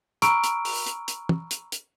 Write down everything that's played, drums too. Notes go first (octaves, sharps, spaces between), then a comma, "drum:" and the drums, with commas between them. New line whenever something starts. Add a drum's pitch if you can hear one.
A#5 B5 C#6 E6 F6 D7, drum: hi-hat
drum: hi-hat
drum: open hi-hat
drum: hi-hat
drum: hi-hat
drum: tom
drum: hi-hat
drum: hi-hat